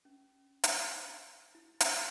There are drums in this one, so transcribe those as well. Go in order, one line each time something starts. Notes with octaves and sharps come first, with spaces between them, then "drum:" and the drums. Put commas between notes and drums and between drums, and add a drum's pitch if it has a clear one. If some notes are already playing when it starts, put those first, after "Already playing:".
C#4
drum: hi-hat
E4
drum: hi-hat